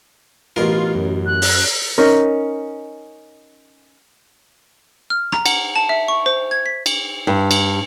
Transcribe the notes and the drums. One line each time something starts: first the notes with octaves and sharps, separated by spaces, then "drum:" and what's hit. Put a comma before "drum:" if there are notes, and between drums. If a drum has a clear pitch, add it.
A1 B2 F4 A#4
F#2
F#6
drum: open hi-hat
C#4 D#4 A#4
F6
A#5, drum: rim click
F#5, drum: cymbal
A5
E5
C#6
C5
G#6
B6
drum: cymbal
G2
drum: cymbal